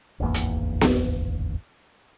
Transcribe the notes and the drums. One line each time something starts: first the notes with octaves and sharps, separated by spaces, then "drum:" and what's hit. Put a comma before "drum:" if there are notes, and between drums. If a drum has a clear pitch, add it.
D1 G#1 E2 A#3
drum: hi-hat
drum: snare B3